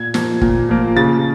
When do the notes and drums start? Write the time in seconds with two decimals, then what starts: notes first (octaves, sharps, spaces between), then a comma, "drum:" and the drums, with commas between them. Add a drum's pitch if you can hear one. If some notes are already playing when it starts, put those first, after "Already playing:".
Already playing: A#2 G#6
0.14 F3 A#3, drum: snare
0.41 A#2, drum: kick
0.69 F3 A#3
0.96 C#3 A6